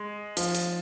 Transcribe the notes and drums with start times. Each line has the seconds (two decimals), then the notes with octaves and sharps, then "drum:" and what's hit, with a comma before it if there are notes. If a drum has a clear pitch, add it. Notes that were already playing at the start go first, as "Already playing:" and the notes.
Already playing: G#3
0.37 F3, drum: hi-hat
0.55 drum: hi-hat